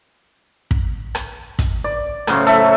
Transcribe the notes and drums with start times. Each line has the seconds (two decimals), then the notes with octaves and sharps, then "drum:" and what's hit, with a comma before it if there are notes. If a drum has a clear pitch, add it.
0.71 drum: kick
1.15 drum: rim click
1.59 drum: kick, hi-hat
1.84 D5
2.27 A2 C#3 F#3 C5, drum: rim click
2.47 A4 E5, drum: hi-hat